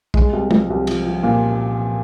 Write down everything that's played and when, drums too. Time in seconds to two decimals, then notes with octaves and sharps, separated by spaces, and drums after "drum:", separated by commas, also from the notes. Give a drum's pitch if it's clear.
0.14 G#3, drum: kick
0.33 C2
0.51 F3, drum: tom
0.70 C2
0.87 F3, drum: cymbal
1.06 F3
1.23 A#2